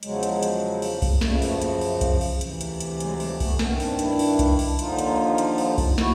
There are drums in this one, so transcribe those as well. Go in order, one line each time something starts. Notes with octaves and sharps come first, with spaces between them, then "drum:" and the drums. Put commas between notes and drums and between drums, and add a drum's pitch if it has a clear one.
E2 C#3 F3 F#3 G#3, drum: hi-hat
drum: hi-hat
drum: hi-hat
drum: open hi-hat
drum: kick C2, open hi-hat
F#2 C#3 F3 G3 A3, drum: snare
A3 B3, drum: open hi-hat
drum: hi-hat
drum: open hi-hat
drum: kick C2, hi-hat
drum: open hi-hat
D2 C3 E3, drum: hi-hat
drum: hi-hat
drum: hi-hat
F#3 G#3, drum: hi-hat
F3 G3, drum: open hi-hat
A3 B3, drum: kick C2, open hi-hat
G2 D#3 B3 C#4, drum: snare
C4 D4, drum: open hi-hat
D4 E4, drum: hi-hat
drum: open hi-hat
drum: kick C2, hi-hat
drum: open hi-hat
D#2 D3 F3 D#4 F4, drum: hi-hat
drum: hi-hat
drum: hi-hat
drum: open hi-hat
drum: kick C2, open hi-hat
E4 F#4, drum: snare